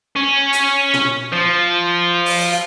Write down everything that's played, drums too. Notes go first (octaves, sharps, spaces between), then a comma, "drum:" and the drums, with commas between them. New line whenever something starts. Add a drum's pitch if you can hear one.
C#4
drum: hi-hat
drum: tom A#2
F3
drum: open hi-hat